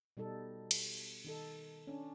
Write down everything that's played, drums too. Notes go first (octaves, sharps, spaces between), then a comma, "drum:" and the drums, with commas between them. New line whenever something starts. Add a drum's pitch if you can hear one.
B2 G3 D#4 A4
drum: cymbal
D#3 D#4 A4
C#4 D4